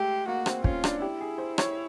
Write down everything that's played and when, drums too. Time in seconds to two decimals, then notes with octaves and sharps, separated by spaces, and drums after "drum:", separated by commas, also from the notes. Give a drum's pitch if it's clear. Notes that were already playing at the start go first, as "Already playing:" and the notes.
Already playing: G#3 A3 G4
0.28 A#3 F#4
0.46 C4, drum: rim click
0.64 C#4 F4, drum: kick
0.84 D4, drum: rim click
1.01 E4 G4
1.21 G#4
1.38 C5
1.58 C#5, drum: rim click